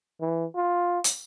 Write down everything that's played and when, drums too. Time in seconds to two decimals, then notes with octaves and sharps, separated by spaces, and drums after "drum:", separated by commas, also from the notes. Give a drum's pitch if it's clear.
0.21 E3
0.56 F4
1.04 drum: hi-hat